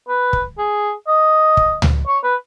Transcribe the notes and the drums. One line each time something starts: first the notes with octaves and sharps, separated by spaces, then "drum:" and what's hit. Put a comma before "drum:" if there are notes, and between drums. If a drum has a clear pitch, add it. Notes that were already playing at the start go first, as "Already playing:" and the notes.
B4
drum: kick
G#4
D#5
drum: kick
drum: tom C#2
C#5
B4